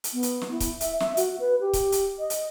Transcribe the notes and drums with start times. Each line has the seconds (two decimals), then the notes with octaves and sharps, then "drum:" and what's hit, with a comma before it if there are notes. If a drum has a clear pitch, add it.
0.04 drum: hi-hat
0.13 B3
0.23 drum: hi-hat
0.42 drum: snare
0.51 E4
0.60 drum: kick C#1, hi-hat
0.81 E5, drum: hi-hat
1.00 E5, drum: snare
1.17 F#4, drum: hi-hat
1.40 B4
1.61 G4
1.73 drum: kick C#1, hi-hat
1.92 drum: hi-hat
2.19 D#5
2.30 drum: hi-hat